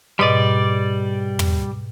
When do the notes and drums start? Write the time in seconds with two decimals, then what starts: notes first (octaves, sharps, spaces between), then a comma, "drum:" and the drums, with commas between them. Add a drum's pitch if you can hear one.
0.19 G#2 B2 G3 D5 D#5
1.39 drum: tom